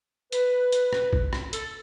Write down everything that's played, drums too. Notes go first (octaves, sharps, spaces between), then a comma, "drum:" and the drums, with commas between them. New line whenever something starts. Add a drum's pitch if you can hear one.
B4, drum: hi-hat
drum: hi-hat
drum: rim click
drum: kick
drum: rim click
A4, drum: hi-hat